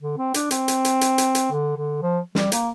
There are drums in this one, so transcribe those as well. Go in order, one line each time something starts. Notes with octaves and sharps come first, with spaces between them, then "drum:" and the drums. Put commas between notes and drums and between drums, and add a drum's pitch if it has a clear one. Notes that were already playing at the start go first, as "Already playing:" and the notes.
D3
C4
D4, drum: hi-hat
C4, drum: hi-hat
drum: hi-hat
drum: hi-hat
drum: hi-hat
drum: hi-hat
drum: hi-hat
D3
D3
F3
G3, drum: snare
A#3, drum: hi-hat